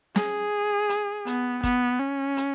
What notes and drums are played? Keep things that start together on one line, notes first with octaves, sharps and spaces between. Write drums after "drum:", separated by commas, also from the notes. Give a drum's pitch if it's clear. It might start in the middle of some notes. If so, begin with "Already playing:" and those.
G#4, drum: snare
drum: hi-hat
B3, drum: hi-hat
B3, drum: kick, hi-hat
C#4
drum: hi-hat